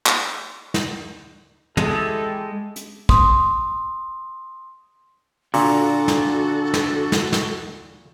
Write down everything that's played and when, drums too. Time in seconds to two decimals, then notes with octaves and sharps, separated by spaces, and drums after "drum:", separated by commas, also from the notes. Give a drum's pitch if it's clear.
0.06 drum: clap
0.74 drum: snare
1.77 G#3 E4 G4 A4, drum: tom
2.76 drum: hi-hat
3.09 C6 D#6, drum: kick
5.54 A#2 D3 F#4 A4, drum: open hi-hat
6.08 drum: snare
6.74 drum: snare
7.12 drum: snare
7.33 drum: snare